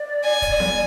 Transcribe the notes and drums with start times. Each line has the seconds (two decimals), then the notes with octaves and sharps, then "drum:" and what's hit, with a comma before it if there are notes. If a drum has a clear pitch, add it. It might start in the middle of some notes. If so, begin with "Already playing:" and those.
Already playing: D5
0.24 G#5
0.42 drum: kick, hi-hat
0.60 drum: snare B3